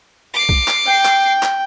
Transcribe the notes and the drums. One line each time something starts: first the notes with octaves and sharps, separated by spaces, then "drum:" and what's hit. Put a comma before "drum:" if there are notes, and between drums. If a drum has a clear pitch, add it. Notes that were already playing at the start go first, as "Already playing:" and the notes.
D6 C7
drum: kick
drum: clap
G5
drum: clap
drum: clap